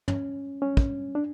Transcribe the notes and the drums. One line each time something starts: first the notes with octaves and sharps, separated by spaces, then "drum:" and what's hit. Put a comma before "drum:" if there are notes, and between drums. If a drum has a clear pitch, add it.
C#4, drum: tom
C#4
drum: kick
D4